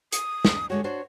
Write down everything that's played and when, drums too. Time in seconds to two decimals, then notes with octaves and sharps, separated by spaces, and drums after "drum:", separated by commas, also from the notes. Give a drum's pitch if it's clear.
0.13 D#6, drum: hi-hat
0.45 drum: snare
0.70 D3 G#3 F#4 C#5
0.84 D4 F#4 C5 C#5